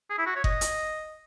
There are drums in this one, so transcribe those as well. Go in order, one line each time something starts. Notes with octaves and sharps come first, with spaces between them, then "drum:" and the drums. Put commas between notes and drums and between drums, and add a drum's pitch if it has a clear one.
G#4
E4
F#4
C#5
D#5, drum: kick F#1
drum: hi-hat